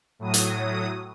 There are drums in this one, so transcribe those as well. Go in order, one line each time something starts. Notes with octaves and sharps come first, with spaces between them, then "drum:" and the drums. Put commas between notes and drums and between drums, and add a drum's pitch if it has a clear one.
A2 F#3 D#6
drum: hi-hat